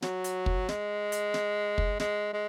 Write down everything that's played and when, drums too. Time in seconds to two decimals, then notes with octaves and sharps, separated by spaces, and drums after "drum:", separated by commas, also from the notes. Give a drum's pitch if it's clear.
0.02 F#3, drum: snare
0.24 drum: hi-hat
0.46 drum: kick
0.69 G#3, drum: snare
1.12 drum: hi-hat
1.34 drum: snare
1.78 drum: kick
2.00 G#3, drum: snare
2.33 G#3